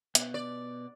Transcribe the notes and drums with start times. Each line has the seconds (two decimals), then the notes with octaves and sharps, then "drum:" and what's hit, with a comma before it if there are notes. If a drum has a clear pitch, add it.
0.15 B2 B3, drum: hi-hat
0.34 D5